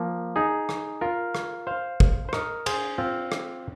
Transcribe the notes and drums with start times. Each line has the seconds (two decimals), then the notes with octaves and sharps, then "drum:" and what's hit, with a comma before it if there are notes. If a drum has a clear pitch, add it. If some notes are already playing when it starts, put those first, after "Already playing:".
Already playing: F3 A#3
0.36 D#4 G#4
0.69 drum: rim click
1.01 F4 A#4
1.35 drum: rim click
1.67 C5 F5
2.00 drum: kick
2.29 C5
2.33 A#4 D#5, drum: rim click
2.66 G#4 C5, drum: cymbal
2.98 C4 F4
3.32 drum: rim click